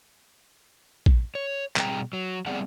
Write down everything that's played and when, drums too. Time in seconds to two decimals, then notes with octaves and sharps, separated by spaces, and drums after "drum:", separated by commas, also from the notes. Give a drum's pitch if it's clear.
1.06 drum: kick A#1
1.35 C#5
1.76 B2 G3 C4 G#4 G5 A#5, drum: clap
2.13 F#3
2.46 G3 B3 C4 G#4 D5 F#5